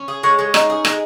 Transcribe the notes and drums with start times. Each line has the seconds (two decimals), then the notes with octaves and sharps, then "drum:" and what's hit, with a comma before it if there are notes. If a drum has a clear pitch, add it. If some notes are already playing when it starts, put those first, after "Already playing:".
Already playing: C#4
0.08 G#4
0.23 G#3 C#5
0.39 G#3
0.54 C#4 D#4, drum: rim click
0.70 G#4
0.85 G#3, drum: rim click